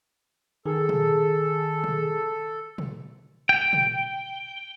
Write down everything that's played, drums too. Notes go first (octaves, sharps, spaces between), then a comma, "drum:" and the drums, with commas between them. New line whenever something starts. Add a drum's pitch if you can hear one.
D#3 G#4 A4
drum: tom
drum: tom
drum: tom
G5
drum: tom